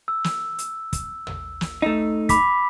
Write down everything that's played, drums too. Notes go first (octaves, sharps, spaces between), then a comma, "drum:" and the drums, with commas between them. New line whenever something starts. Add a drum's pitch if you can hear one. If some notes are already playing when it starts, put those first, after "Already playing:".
E6
drum: snare
drum: hi-hat
drum: kick, hi-hat
drum: tom
drum: snare
A3 D#4
B5 D6 B6, drum: kick, hi-hat